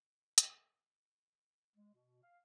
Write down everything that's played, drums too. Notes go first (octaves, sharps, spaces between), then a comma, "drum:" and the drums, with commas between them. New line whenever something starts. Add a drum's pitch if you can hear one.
drum: hi-hat
G#3
B2
F5